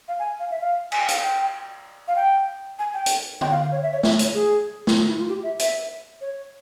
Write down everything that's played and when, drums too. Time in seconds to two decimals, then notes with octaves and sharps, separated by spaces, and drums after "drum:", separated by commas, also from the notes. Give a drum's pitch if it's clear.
0.08 F5
0.19 G#5
0.40 F5
0.51 E5
0.60 F5
0.92 G#5, drum: cymbal
1.00 G5
1.08 F5, drum: hi-hat
1.17 G5
2.08 F5
2.16 G5
2.79 G#5
2.94 G5
3.06 drum: hi-hat
3.41 G5, drum: tom
3.52 F5
3.62 F5
3.72 C#5
3.83 E5
3.92 C#5
4.03 E5, drum: snare
4.19 C#5, drum: hi-hat
4.34 G#4
4.87 drum: snare
4.97 F4
5.08 E4
5.18 F4
5.29 G4
5.43 E5
5.59 E5, drum: hi-hat
6.21 C#5